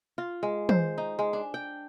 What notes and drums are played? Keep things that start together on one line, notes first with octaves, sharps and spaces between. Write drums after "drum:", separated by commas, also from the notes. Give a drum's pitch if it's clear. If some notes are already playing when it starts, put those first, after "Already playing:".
F4
G#3
C5, drum: tom
D#4
G#3
D4
G5